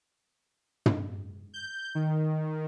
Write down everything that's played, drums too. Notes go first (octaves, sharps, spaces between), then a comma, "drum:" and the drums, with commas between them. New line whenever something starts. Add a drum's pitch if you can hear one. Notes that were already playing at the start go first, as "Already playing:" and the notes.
drum: tom
G6
D#3